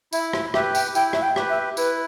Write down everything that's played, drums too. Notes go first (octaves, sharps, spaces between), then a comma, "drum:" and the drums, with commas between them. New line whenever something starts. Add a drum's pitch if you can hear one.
E4 E5, drum: tambourine
drum: rim click
G4 B4 E5, drum: rim click
G5, drum: tambourine
E4 G5, drum: tambourine
E5, drum: rim click
G5
G4 B4, drum: rim click
E5
E4 B4, drum: tambourine